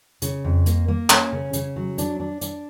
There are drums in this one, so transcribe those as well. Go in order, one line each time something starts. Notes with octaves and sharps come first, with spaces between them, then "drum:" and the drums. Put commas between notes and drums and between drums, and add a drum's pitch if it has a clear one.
C#3, drum: hi-hat
F2
A#3, drum: hi-hat
A#3
C#4, drum: clap
C#3
C#3, drum: hi-hat
F#3
D4, drum: hi-hat
D4
D4, drum: hi-hat